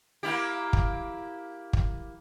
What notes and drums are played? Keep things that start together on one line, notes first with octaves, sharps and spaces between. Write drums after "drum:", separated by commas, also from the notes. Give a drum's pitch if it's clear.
A#3 E4 G4
drum: kick
drum: kick